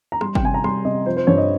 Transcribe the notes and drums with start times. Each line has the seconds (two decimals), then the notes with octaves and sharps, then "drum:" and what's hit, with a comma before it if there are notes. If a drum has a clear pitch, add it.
0.12 A#5
0.21 G3 C6, drum: rim click
0.35 G5, drum: kick G1
0.43 C3 G#5
0.54 A#5
0.64 G3 C6, drum: rim click
0.85 C3 D#5
1.06 F3 C5
1.17 C5
1.27 G2 C#5
1.38 D#5